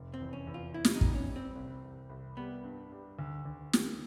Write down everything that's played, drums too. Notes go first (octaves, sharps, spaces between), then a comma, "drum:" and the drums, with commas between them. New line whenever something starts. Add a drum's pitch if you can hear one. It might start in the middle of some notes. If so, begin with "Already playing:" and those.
Already playing: F1
C4
E2
C#4
E2
F4
B3 E4
drum: snare
D#4
G3, drum: kick
C#4
G3
C4
C2
C2
C2
G3 B3
G2
G3
D2
D2
D#3, drum: snare